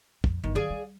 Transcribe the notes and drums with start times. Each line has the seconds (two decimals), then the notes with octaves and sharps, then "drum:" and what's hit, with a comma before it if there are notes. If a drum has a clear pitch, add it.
0.24 F2, drum: kick
0.44 G1 D#3
0.55 D#3 F#3 G#4 D5 F5
0.70 G3